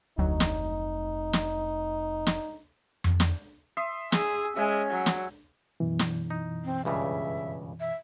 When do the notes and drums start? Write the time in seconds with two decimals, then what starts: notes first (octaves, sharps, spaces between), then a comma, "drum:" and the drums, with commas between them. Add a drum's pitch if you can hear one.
0.18 F1 D2 F#3 D#4
0.40 drum: snare
1.33 drum: snare
2.27 drum: snare
3.04 drum: tom F2
3.20 drum: snare
3.77 E5 C6 D#6
4.12 G#4 E6, drum: snare
4.57 G#3 C#4 E5 G#5
4.90 F#3
5.06 drum: snare
5.80 F#2 B2 E3
5.99 drum: snare
6.30 D#4
6.65 C4
6.85 C#2 G2 C#3 E5
7.80 E5